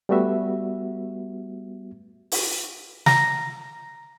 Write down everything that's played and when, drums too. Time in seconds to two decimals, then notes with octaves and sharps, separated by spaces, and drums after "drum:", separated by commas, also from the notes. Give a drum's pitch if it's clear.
0.09 G3 A3 B3 F#4 E5
2.32 drum: open hi-hat
3.06 A#5, drum: snare